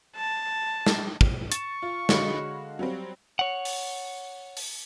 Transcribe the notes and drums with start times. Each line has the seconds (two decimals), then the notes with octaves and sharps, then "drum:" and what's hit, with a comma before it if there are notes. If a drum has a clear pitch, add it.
0.16 A5
0.86 drum: snare
1.21 drum: kick
1.52 C#6 A6 E7, drum: hi-hat
1.82 F4
2.09 D3 G#3 F#4 C#5 F5 B5, drum: snare
2.79 F#3 G3 C4
3.39 C#5 F#5
3.65 drum: open hi-hat
4.57 drum: open hi-hat